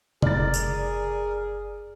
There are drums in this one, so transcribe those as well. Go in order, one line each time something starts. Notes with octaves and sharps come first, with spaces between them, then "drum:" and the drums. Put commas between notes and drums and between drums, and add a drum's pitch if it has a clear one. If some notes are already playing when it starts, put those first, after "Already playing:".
F#1 G#4 A#4 D5 A6, drum: tom C3
drum: tambourine